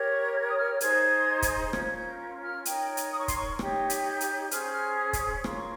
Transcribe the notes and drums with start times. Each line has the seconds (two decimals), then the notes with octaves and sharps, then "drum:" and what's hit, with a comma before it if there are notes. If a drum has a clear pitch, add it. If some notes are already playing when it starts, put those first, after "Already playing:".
Already playing: G4 A#4 C#5
0.11 C#6
0.49 D#6
0.57 F6
0.81 D#4 G#4 C5 G#6, drum: hi-hat
1.42 drum: kick, hi-hat
1.73 C#4 F4 A#4 G#6, drum: rim click
1.86 G#6
1.97 G6
2.42 F6
2.65 D#4 A#4 C#5 G5, drum: hi-hat
2.97 drum: hi-hat
3.12 D#6
3.20 C#6
3.28 C6, drum: kick, hi-hat
3.36 C#6
3.59 D#4 G4 C#5, drum: rim click
3.90 drum: hi-hat
4.05 G6
4.21 drum: hi-hat
4.51 C#4 G#4 C5 F6, drum: hi-hat
4.63 G6
4.74 F6
4.98 D#6
5.13 drum: kick, hi-hat
5.44 F4 A#4 C#5 C#6, drum: rim click
5.57 C#6